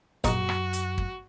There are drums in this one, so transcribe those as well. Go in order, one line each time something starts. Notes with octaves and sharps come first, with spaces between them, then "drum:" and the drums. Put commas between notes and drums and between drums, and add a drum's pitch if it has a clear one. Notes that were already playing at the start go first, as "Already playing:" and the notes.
A#1 F#2 D#4 F#4 C#6, drum: kick, hi-hat
drum: rim click
drum: hi-hat
drum: kick